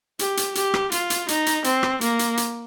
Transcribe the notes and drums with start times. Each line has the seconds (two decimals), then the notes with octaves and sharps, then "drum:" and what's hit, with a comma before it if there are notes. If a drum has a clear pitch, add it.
0.19 G4, drum: hi-hat
0.37 drum: hi-hat
0.55 G4, drum: hi-hat
0.74 drum: rim click
0.92 F4, drum: hi-hat
1.10 drum: hi-hat
1.28 D#4, drum: hi-hat
1.46 drum: hi-hat
1.64 C4, drum: hi-hat
1.83 drum: rim click
2.01 A#3, drum: hi-hat
2.19 drum: hi-hat
2.37 drum: hi-hat